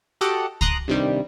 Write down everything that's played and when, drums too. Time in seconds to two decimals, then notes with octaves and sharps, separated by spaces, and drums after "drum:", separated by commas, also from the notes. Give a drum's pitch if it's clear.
0.21 F#4 G4 A4 D#5 F#5 D6
0.61 A#5 C6 D6 D#6 F#6, drum: kick C#2
0.88 G2 C3 D#3 G3